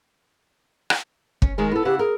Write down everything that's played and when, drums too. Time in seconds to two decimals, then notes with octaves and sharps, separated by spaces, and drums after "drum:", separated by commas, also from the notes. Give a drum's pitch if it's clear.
0.90 drum: rim click
1.42 C#4, drum: kick
1.58 D#3 G#3 A#4 G#5
1.71 B3 E4 A4
1.85 C#3 E4 G4 F#5
1.99 G#4 A#4